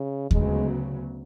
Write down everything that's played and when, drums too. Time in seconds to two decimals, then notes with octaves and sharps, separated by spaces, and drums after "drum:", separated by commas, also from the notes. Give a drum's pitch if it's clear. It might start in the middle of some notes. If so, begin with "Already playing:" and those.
Already playing: C#3
0.31 D2 C#3 F#3 G#3 B3, drum: kick D#2